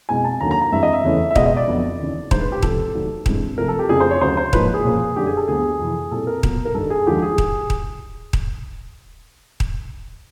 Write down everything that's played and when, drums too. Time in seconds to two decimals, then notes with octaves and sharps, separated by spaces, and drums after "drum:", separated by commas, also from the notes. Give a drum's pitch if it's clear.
0.09 B2 G#3 C4 E4 G#5
0.24 A5
0.41 D#2 D3 F#3 A#3 C#4 A#5
0.51 A#5
0.62 A#5
0.72 G2 E3 G#3 C4 E5
0.83 D#5
0.93 E5
1.04 E2 C#3 E3 A3 C#4
1.31 E5
1.35 C#2 B2 G#3 B3 D#5, drum: kick D#1
1.46 D#5
1.57 D5
1.67 F2 D3 F#3 B3 D4
1.99 D#2 C#3 E3
2.31 G2 D#3 G#3 C5, drum: kick D#1
2.41 B4
2.52 G4
2.62 C#2 C3 F3 A4, drum: kick D#1
2.94 D#2 D#3 F#3 A3
3.26 G2 E3 G#3 C4 E4, drum: kick D#1
3.58 C3 F3 A3 A#4
3.68 A4
3.79 G4
3.89 F2 C#3 F3 A3 D4 G#4
4.00 C5
4.11 C#5
4.21 D2 C#3 F#3 C5
4.37 C5
4.53 G#2 F3 A#3 B4, drum: kick D#1
4.74 G#4
4.84 A#2 F3 A#3 C#4
5.16 F#2 D3 G3 G4
5.27 G#4
5.37 A4
5.48 D2 D3 G3 B3 G#4
5.80 F2 C3 E3
6.11 A#2 G3 C4 E4 A4
6.27 A#4
6.43 A#2 F#3 B3, drum: kick D#1
6.65 A#4
6.75 G2 D#3 G3 A4
6.90 G#4
7.07 D#2 D3 F3 G#3 G4
7.22 G#4
7.38 drum: kick D#1
7.70 drum: kick D#1
8.33 drum: kick D#1
9.60 drum: kick D#1